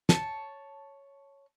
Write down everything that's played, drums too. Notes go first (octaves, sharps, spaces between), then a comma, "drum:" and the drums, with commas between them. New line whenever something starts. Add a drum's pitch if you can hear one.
C#5 A5, drum: snare